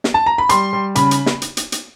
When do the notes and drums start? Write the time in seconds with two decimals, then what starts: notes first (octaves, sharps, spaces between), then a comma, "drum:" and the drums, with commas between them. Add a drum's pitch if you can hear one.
0.04 drum: snare
0.14 A5
0.26 A#5
0.38 B5
0.49 G3 C6, drum: hi-hat
0.73 G3
0.96 C#3 B5, drum: hi-hat
1.11 drum: hi-hat
1.26 drum: snare
1.42 drum: hi-hat
1.57 drum: hi-hat
1.72 drum: hi-hat